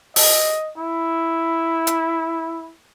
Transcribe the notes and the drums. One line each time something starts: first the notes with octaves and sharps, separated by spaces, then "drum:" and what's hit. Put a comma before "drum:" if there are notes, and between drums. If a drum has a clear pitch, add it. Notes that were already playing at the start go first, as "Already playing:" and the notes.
D#5, drum: open hi-hat
E4
drum: hi-hat